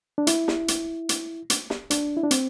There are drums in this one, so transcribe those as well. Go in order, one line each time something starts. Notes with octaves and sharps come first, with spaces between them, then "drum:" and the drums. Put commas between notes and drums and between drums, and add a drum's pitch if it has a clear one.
D4
E4, drum: hi-hat
drum: snare
drum: hi-hat
drum: hi-hat
drum: hi-hat
drum: snare
D4, drum: hi-hat
E4
D4
C4, drum: hi-hat